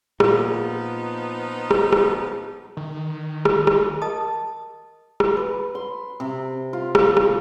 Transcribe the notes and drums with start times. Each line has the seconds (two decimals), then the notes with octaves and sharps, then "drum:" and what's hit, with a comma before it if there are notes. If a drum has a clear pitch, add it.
0.20 A#2 F3 B3 D#4, drum: rim click
1.71 drum: rim click
1.92 drum: rim click
2.77 D#3
3.45 drum: rim click
3.67 drum: rim click
4.02 A#4 D#5 A5 D#6
5.20 drum: rim click
5.37 B4
5.75 C6
6.20 C3
6.73 F4
6.95 drum: rim click
7.17 drum: rim click